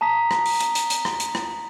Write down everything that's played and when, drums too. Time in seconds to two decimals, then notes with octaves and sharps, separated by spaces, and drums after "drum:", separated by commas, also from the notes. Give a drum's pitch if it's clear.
0.01 A5 A#5 D#6 B6
0.31 drum: rim click
0.46 drum: open hi-hat
0.60 drum: hi-hat
0.75 drum: hi-hat
0.90 drum: hi-hat
1.05 drum: rim click
1.20 drum: hi-hat
1.35 drum: rim click